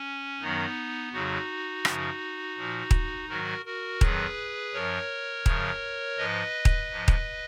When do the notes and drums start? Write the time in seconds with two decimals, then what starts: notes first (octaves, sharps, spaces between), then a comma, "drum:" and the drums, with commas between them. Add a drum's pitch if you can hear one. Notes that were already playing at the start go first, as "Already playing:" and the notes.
Already playing: C#4
0.40 F#2 D#3 F#3 B3 D#4
1.13 F2 C#3 F#3 D#4 F#4
1.85 F#2 C#3 F3, drum: rim click
2.57 A#2 F3
2.91 drum: kick D#1
3.29 G#2 D#3 F#3 F#4 A#4
3.65 F#4 A#4
4.01 F2 D#3 F#3 G#4 B4, drum: kick D#1
4.73 F#2 F3 A#4 C#5
5.46 F#2 C#3 F3, drum: kick D#1
6.17 G#2 F3 B4 D#5
6.65 drum: kick D#1
6.90 G#2 F3
7.08 drum: kick D#1